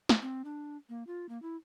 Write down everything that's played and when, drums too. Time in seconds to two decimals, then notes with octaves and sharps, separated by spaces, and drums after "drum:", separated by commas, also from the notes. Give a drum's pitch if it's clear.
0.09 drum: snare
0.22 C4
0.45 D4
0.89 A#3
1.07 F4
1.29 A#3
1.42 E4